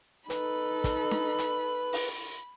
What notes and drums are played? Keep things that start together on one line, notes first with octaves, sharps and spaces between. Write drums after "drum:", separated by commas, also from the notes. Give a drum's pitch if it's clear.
D#4 A4 B4 B5, drum: hi-hat
drum: kick, hi-hat
drum: snare D4
drum: hi-hat
drum: open hi-hat